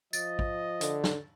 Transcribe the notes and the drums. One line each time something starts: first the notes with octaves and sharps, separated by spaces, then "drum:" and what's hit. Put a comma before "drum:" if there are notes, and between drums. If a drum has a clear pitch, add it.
F3 D#5 A6, drum: tambourine
drum: kick
D3, drum: hi-hat
drum: snare